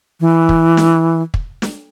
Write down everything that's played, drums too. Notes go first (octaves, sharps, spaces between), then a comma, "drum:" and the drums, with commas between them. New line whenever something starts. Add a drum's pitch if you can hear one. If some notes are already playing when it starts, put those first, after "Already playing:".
E3
drum: kick
drum: snare
drum: kick
drum: snare